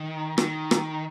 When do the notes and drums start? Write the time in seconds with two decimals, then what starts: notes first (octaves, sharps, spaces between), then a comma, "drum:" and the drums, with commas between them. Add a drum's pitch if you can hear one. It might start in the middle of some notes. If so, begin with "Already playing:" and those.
Already playing: D#3
0.38 D#3, drum: rim click
0.71 drum: rim click